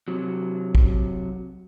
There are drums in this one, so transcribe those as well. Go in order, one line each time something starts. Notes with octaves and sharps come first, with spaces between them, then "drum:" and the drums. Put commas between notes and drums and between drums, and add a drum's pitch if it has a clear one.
C3 F#3
drum: kick